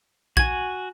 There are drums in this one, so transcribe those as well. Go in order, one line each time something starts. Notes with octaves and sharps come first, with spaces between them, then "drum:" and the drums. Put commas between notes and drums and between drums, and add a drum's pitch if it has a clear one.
F#4 G#5 G#6, drum: kick A#1